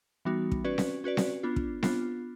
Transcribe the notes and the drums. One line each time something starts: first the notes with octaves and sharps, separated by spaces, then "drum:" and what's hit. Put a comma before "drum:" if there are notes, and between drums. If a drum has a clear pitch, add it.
E3 G3 B3 D#4 F#4
drum: kick
C#4 F#4 B4 D5
drum: snare C4
C#4 F#4 B4 D5
drum: snare C4
B3 D4 F4
drum: kick
B3 D4 F4, drum: snare C4